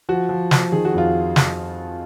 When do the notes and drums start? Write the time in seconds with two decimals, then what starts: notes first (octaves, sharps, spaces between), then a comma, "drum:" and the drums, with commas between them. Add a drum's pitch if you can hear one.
0.09 F3 F#4
0.29 F3
0.51 F3, drum: snare
0.72 D#3 G#4
0.85 F#4
0.94 F2 F4
1.36 drum: snare